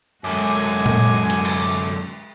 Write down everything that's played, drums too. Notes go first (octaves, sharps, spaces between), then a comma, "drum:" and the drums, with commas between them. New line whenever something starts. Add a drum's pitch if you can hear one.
F#2 D3 G#3 F#4 G#5 D6
drum: tom A#2
drum: hi-hat
drum: cymbal